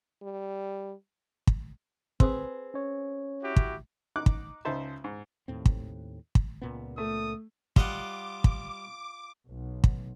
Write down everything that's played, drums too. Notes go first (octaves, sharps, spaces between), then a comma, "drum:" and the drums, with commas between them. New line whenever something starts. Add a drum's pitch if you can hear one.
G3
drum: kick
C4 G#4 B4, drum: kick
C#4 C#5
E4 F#4 G4
drum: kick
D#4 D6 F#6
drum: kick
C#2 C#3 D#4 C5 E5 A5
G#2
D#2 A2 C4
drum: kick
drum: kick
C#2 A#2 B3
A3 D#6
G3 F4 D#5 F#5 D6, drum: kick
drum: kick
B1
drum: kick